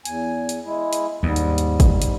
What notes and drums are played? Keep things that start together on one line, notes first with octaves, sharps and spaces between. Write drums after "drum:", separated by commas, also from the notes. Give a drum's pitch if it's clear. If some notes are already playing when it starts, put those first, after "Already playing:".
E2 G#5, drum: hi-hat
drum: hi-hat
G#3 E4
drum: hi-hat
D#2 G#2 G3
drum: hi-hat
drum: hi-hat
drum: kick, hi-hat
drum: hi-hat